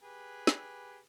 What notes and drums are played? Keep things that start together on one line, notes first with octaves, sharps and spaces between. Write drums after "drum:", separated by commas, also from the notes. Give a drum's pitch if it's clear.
G4 G#4 B4
drum: snare